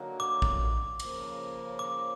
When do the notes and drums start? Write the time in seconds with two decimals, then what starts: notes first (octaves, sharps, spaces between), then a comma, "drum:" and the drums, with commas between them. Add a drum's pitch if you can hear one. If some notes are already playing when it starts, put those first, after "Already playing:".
Already playing: D3 F#3 A#3 D#4 F#4
0.20 D6
0.42 drum: kick A#1
1.00 C#3 F3 A#3, drum: cymbal
1.79 D6